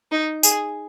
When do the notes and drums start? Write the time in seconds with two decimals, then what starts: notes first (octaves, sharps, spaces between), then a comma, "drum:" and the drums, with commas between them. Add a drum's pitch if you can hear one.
0.12 D#4
0.43 G#4, drum: tambourine